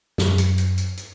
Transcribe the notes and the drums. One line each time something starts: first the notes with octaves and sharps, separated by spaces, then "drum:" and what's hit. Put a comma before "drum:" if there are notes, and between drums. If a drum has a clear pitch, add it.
F#2, drum: snare
drum: hi-hat
drum: hi-hat
drum: hi-hat
drum: hi-hat